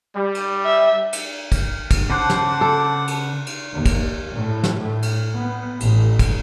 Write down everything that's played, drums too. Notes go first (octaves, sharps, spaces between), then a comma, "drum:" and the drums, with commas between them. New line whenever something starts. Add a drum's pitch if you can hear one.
G3
drum: cymbal
E5
drum: cymbal
drum: kick, cymbal
drum: kick, cymbal
C#3 C5 F#5 A5 D6 F#6
drum: snare
A4
drum: cymbal
drum: cymbal
D#2
drum: kick, cymbal
A2
drum: snare
A2
drum: cymbal
B3
A1, drum: cymbal
drum: kick, cymbal